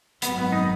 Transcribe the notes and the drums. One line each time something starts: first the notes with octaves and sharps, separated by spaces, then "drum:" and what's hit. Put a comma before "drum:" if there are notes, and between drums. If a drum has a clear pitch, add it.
G#1 F#2 D#3 F#3 B3, drum: hi-hat
B3
D#4